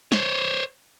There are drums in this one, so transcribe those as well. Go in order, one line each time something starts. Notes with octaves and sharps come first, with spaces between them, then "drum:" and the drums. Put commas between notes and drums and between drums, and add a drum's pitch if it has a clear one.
C5 C#5, drum: snare